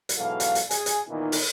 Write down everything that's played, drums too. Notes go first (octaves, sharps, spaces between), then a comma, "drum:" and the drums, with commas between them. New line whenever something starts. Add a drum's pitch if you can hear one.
drum: hi-hat
G#2 B2 E3 F#3 A4 F5
drum: hi-hat
drum: hi-hat
G#4 G#5, drum: hi-hat
drum: hi-hat
A#2 D#3 E3 B3 D#4
drum: open hi-hat